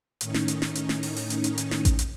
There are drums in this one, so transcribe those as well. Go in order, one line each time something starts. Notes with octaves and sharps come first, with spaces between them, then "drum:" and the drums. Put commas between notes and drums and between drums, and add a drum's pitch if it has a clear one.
A2 D#3 C#4 D#4, drum: hi-hat
drum: snare
drum: hi-hat
drum: snare
drum: hi-hat
drum: snare
drum: open hi-hat
drum: open hi-hat
drum: hi-hat
drum: hi-hat
drum: hi-hat
drum: snare
drum: kick A1, hi-hat
drum: hi-hat